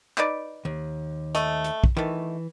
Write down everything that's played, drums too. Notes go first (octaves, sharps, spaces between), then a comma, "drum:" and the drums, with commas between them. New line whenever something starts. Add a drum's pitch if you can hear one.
D#4 B4 D5, drum: clap
D#2
A3 D#5, drum: hi-hat
drum: hi-hat
drum: kick
D#3 E3 A3